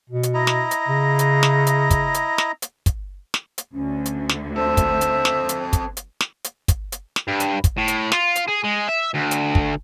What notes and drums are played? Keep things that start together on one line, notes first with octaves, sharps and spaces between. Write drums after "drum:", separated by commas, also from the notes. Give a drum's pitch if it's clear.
B2
drum: hi-hat
E4 D#5 A#5
drum: snare
drum: hi-hat
C#3
drum: hi-hat
drum: snare
drum: hi-hat
drum: kick, hi-hat
drum: hi-hat
drum: snare
drum: hi-hat
drum: kick, hi-hat
drum: snare
drum: hi-hat
D2 D3 C#4
drum: hi-hat
drum: snare
C4 A4 C5 E5
drum: kick, hi-hat
drum: hi-hat
drum: snare
drum: hi-hat
drum: kick, hi-hat
drum: hi-hat
drum: snare
drum: hi-hat
drum: kick, hi-hat
drum: hi-hat
drum: snare
G2
drum: hi-hat
drum: kick, hi-hat
A2
drum: hi-hat
F4, drum: snare
drum: hi-hat
G#4
G#3
E5
D2
drum: hi-hat
drum: kick